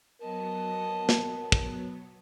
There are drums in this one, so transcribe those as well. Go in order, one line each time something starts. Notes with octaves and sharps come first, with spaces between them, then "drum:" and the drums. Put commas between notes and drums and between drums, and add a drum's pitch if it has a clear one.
F#3 B3 A#4 D#5 A5
drum: snare
drum: kick